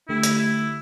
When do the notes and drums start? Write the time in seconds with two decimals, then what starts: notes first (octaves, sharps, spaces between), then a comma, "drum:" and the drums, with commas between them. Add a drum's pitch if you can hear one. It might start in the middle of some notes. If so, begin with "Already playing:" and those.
0.08 D3 A3 E4 G4
0.23 drum: hi-hat
0.39 E4